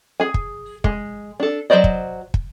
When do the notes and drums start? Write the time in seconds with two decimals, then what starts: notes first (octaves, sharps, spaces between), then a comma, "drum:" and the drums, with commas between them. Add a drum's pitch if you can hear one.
0.20 G#4 G#5
0.34 drum: kick
0.84 G#3, drum: kick
1.40 D4 A4
1.70 F#3 A4 C5 D5 D#5
1.84 drum: kick
2.34 drum: kick